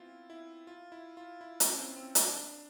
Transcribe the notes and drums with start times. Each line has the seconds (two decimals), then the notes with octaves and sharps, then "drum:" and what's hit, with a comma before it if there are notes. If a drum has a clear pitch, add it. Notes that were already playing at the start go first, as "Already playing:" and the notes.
Already playing: B3 C4 E4 F4
0.30 E4
0.67 F4
0.92 E4
1.17 F4
1.41 E4
1.60 C#4, drum: hi-hat
1.78 C4
1.96 C4
2.15 D4, drum: hi-hat